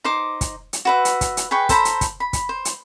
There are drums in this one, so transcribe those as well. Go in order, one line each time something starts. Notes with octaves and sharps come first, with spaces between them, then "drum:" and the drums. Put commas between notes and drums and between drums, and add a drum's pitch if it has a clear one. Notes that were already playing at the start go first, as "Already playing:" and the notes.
D#4 C5 D6
drum: kick, hi-hat
drum: hi-hat
F#4 B4 E5
drum: hi-hat
drum: kick, hi-hat
drum: hi-hat
G#4 B4 G5 C#6
A4 C5 A#5 B5, drum: kick, hi-hat
drum: hi-hat
drum: kick, hi-hat
B5
drum: kick, hi-hat
C5
drum: hi-hat